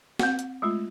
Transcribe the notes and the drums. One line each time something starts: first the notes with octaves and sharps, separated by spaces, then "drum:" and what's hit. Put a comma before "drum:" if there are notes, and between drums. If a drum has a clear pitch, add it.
C4 F#5, drum: snare
drum: hi-hat
G#3 A3 F4